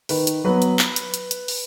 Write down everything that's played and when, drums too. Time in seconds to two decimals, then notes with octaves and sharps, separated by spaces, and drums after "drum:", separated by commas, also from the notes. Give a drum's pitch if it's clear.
0.09 D#3 B4, drum: open hi-hat
0.27 drum: hi-hat
0.44 F#3 B3 B4
0.62 drum: hi-hat
0.79 drum: clap
0.96 drum: hi-hat
1.14 drum: hi-hat
1.31 drum: hi-hat
1.48 drum: open hi-hat